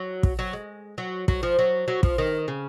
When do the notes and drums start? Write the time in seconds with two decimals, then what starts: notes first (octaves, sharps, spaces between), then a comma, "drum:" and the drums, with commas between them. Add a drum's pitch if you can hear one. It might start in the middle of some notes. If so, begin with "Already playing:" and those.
Already playing: F#3
0.23 drum: kick
0.39 F#3
0.53 G#3
0.98 F#3
1.28 F#3, drum: kick
1.43 F3
1.59 F#3
1.88 F#3
2.03 F3, drum: kick
2.18 D#3
2.48 C#3